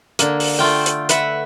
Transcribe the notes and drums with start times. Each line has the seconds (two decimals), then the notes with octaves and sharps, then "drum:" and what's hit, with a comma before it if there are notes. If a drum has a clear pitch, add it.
0.19 D3 A#3, drum: hi-hat
0.40 drum: open hi-hat
0.59 A3 F4 G5
0.86 drum: hi-hat
1.09 B4 E5 F#5, drum: hi-hat